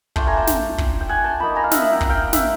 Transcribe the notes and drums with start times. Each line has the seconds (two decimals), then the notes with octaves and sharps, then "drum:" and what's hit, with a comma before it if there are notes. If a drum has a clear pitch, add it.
0.16 A3 D4 F4 G5 A5, drum: kick
0.27 G#5 A#5
0.37 G5 A5
0.47 drum: snare
0.78 drum: kick
1.01 G5
1.09 F#5 G#5
1.24 G5 A5
1.40 F3 A#3 D#4 A5 B5
1.56 G#5 A#5
1.64 F5
1.71 E5 F#5, drum: snare
1.82 E5 F#5
1.92 G5
2.01 F#5, drum: kick
2.09 F5 G5
2.33 E5 F#5, drum: snare